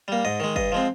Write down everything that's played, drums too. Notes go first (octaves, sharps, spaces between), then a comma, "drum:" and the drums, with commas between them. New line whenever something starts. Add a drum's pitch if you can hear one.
G3 A#3
G#2 D#5
D#3 G#3
G2 D#5, drum: kick
F3 G#3 C4